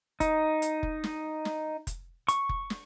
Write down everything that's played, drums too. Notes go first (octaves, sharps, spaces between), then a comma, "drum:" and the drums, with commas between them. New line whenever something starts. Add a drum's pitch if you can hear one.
D#4, drum: kick F1, hi-hat
drum: hi-hat
drum: kick F1
drum: snare
drum: snare
drum: kick F1, hi-hat
C#6, drum: hi-hat
drum: kick F1
drum: snare